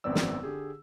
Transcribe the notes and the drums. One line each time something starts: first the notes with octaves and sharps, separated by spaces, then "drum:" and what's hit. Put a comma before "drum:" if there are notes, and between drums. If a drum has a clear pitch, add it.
G#1 F#2 B3 C4 D5 E6
drum: snare
D3 G4 G#4